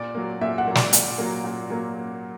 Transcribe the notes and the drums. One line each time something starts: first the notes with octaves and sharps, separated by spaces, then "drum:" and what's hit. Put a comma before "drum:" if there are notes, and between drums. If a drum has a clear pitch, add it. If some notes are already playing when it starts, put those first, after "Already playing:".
Already playing: A#2 D5
F#3 A#3
A#2 E5
F#5
F#3 A#3
D5, drum: snare
A#2, drum: hi-hat
F#3 A#3
A#2
F#3 A#3